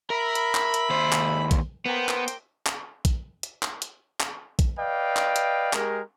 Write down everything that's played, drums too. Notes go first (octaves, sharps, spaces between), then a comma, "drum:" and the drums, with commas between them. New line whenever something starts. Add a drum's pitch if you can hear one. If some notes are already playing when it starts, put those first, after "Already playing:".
A#4 E5 B5
drum: hi-hat
drum: clap
drum: hi-hat
D#2 C5
drum: clap
drum: kick A#1, hi-hat
A#3 B3 C5 G5
drum: clap
drum: hi-hat
drum: clap
drum: kick A#1, hi-hat
drum: hi-hat
drum: clap
drum: hi-hat
drum: clap
drum: kick A#1, hi-hat
B4 D5 D#5 F5 G5
drum: clap
drum: hi-hat
G#3 G4 A#4, drum: clap